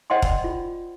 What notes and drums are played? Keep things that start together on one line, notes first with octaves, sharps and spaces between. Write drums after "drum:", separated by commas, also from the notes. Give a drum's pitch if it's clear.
C5 D5 D#5 F#5 G5 C6
drum: kick E1
F4